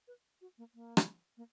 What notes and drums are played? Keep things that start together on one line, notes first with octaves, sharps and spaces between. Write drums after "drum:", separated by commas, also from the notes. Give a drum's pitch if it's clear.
B4
F#4
A#3
A#3
drum: rim click
A#3